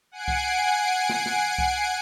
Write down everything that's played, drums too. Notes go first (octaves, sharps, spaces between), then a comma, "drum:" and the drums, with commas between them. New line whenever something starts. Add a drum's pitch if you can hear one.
F#5 G#5 C7 D7
drum: kick C2
drum: snare
drum: snare
drum: kick C2